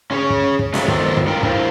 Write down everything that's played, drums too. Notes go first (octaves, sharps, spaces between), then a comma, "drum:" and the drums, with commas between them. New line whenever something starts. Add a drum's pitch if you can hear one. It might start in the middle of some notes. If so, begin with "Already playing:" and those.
C#4 G#4 C5 C#5
drum: kick
drum: kick
C3 F3 F#3 G#3 A3, drum: snare
D#3 B3 D4 F4 A4 C5, drum: kick
drum: kick
D#4 F4 A#4 G5
D4 E4 A#4 C5 F5, drum: kick